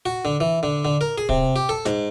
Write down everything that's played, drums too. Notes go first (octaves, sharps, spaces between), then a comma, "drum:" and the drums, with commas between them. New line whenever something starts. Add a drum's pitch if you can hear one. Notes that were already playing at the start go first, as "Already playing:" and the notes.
F#4
D3
E3
D3
D3
A#4
G#4
C3, drum: kick
G4
A4
G#2, drum: snare